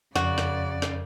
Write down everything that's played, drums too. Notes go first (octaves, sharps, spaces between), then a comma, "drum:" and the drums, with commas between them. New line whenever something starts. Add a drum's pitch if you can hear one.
F2 C#3 F#4 D5, drum: rim click
drum: rim click
drum: rim click